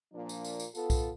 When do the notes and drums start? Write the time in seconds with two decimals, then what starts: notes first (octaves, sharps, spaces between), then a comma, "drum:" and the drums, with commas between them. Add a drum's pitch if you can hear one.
0.13 A#2 F3 A#3 D4
0.29 drum: tambourine
0.44 drum: tambourine
0.60 drum: tambourine
0.75 B3 F4 A4, drum: tambourine
0.90 drum: kick B1, tambourine